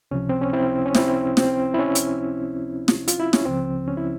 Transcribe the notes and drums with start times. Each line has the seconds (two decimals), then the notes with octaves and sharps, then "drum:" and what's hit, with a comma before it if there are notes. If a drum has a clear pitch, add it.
0.11 C#2 C3 F3 C#4
0.29 C4
0.41 C#4
0.53 C4 E4
0.86 C#4
0.95 C4 E4, drum: snare
1.37 C4, drum: snare
1.74 E4
1.79 C#4
1.95 drum: hi-hat
2.88 drum: snare
3.08 F4, drum: hi-hat
3.20 E4
3.33 C#4, drum: snare
3.45 C#2 C#3 F3 C4
3.88 C#4
3.97 E4